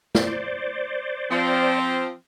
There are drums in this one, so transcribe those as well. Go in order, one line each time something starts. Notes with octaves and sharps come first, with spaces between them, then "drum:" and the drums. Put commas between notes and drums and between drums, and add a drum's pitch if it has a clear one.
C5 D5, drum: snare
F3 C4